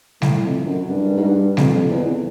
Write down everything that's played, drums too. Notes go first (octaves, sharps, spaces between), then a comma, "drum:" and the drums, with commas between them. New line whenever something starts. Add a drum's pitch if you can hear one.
A2, drum: snare G3
F2
F#2
G2
G#2
G2
F2, drum: snare G3
F2
E2